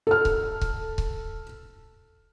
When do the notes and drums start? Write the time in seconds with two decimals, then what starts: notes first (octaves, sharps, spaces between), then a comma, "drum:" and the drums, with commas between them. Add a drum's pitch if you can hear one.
0.07 A4 F6
0.25 drum: kick C#1
0.61 drum: kick C#1
0.98 drum: kick C#1